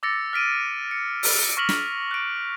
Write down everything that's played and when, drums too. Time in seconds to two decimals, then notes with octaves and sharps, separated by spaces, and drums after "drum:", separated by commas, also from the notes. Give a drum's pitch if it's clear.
0.03 D6 E6 A6 A#6 C#7
0.33 F6 B6 D7 D#7
0.91 C#7
1.23 drum: open hi-hat
1.57 C#6 F6 A#6 B6 F7 F#7
1.69 drum: snare
2.11 F#6 D7